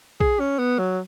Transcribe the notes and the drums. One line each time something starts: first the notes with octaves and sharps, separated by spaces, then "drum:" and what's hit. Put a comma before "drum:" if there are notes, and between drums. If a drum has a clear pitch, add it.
G#4, drum: kick A#1
C#4
B3
F#3